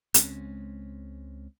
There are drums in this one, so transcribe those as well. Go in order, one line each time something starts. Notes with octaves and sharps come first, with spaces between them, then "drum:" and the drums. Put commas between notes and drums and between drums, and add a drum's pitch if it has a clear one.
C#2 G#3 C4 C#4, drum: hi-hat